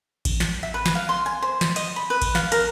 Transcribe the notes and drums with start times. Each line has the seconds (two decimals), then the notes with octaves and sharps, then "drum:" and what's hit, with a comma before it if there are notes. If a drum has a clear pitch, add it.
0.25 drum: kick A1, cymbal
0.40 drum: snare
0.63 E5
0.74 B4
0.86 drum: snare
0.95 F5
1.09 C6
1.26 G#5
1.42 C5
1.61 drum: snare
1.76 D#5, drum: cymbal
1.96 B5
2.10 B4
2.22 drum: kick A1, cymbal
2.35 F5, drum: snare
2.52 A#4, drum: cymbal